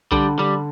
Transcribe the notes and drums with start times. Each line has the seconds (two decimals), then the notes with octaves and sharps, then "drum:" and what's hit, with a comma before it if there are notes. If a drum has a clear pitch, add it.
0.12 D3 G3, drum: kick B1
0.38 D3 G3